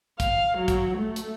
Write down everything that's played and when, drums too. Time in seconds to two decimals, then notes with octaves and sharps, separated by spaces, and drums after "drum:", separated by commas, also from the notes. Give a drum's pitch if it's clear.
0.20 F5, drum: kick, hi-hat
0.58 F#3
0.68 drum: kick, hi-hat
0.98 A3
1.16 drum: hi-hat